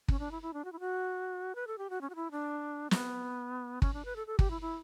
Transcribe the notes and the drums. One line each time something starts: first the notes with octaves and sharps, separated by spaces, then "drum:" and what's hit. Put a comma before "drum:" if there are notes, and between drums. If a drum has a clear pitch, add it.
C#4, drum: kick
D4
E4
E4
D4
F#4
E4
F#4
B4
A4
G4
F#4
C#4
F#4
E4
D4
B3, drum: snare
C#4, drum: kick
D4
B4
A4
A4
G4, drum: kick
E4
E4